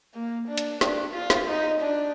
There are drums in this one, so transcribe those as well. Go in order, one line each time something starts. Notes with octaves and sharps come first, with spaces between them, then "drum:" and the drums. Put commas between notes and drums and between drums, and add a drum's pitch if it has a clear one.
A#3
D4
drum: hi-hat
D4, drum: snare
F4
drum: snare
D#4
D4